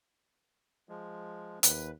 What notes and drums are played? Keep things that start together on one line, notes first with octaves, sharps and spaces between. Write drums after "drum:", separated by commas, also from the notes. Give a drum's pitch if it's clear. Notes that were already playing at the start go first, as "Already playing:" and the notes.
F3 G#3
D#2 B4, drum: hi-hat